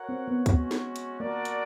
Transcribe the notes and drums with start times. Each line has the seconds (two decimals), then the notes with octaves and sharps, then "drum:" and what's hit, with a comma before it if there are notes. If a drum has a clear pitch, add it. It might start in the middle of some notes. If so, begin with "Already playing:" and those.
Already playing: F#4 A#4 C#5 F#5
0.09 C4
0.28 B3
0.46 G#3 C#4 F#4, drum: kick, hi-hat
0.71 drum: snare
0.96 drum: hi-hat
1.20 A#3 D4 F#4 A#4 D5
1.45 drum: hi-hat